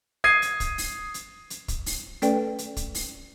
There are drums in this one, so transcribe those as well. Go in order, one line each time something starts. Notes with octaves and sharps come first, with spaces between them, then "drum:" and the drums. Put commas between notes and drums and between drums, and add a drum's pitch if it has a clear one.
D#6 G#6 C7 D#7
drum: hi-hat
drum: kick, hi-hat
drum: open hi-hat
drum: hi-hat
drum: hi-hat
drum: kick, hi-hat
drum: open hi-hat
A3 C#4 A4 B4 D5 G5, drum: hi-hat
drum: hi-hat
drum: kick, hi-hat
drum: open hi-hat